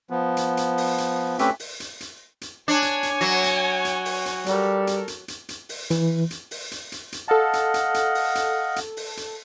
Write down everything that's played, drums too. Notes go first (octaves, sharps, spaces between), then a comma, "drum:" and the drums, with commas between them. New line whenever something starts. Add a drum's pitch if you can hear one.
F3 B3
drum: hi-hat
drum: hi-hat
drum: open hi-hat
drum: hi-hat
A3 C4 C#4 G4 B4 E5, drum: hi-hat
drum: open hi-hat
drum: hi-hat
drum: hi-hat
drum: hi-hat
D4 C#5 G#5
drum: hi-hat
drum: hi-hat
F#3, drum: open hi-hat
drum: hi-hat
drum: hi-hat
drum: open hi-hat
drum: hi-hat
G3 A4 A#4, drum: hi-hat
drum: hi-hat
drum: hi-hat
drum: hi-hat
drum: hi-hat
drum: open hi-hat
E3, drum: hi-hat
drum: hi-hat
drum: open hi-hat
drum: hi-hat
drum: hi-hat
drum: hi-hat
A4 D#5 F5 F#5 A5
drum: hi-hat
drum: hi-hat
drum: hi-hat
drum: open hi-hat
drum: hi-hat
drum: hi-hat
drum: open hi-hat
drum: hi-hat